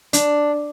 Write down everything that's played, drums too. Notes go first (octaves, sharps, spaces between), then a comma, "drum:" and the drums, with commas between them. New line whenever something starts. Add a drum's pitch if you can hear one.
D4, drum: hi-hat